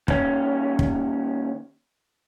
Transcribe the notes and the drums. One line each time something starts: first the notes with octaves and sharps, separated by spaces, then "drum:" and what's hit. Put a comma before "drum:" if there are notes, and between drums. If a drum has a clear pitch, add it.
D#2 C#4, drum: kick
drum: kick